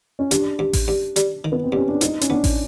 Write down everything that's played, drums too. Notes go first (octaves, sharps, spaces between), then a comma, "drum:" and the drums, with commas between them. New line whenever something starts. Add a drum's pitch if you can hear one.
C#4
G2 D4, drum: hi-hat
G2
drum: kick A1, open hi-hat
G2
G3, drum: hi-hat
D#3
B3
C4
G2 C#4
D4
G#2 D#4, drum: hi-hat
C#4, drum: hi-hat
B3 D4
drum: kick A1, open hi-hat